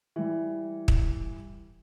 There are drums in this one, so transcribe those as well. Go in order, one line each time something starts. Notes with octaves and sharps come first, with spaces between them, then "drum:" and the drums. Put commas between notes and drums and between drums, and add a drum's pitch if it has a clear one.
E3 G3
drum: kick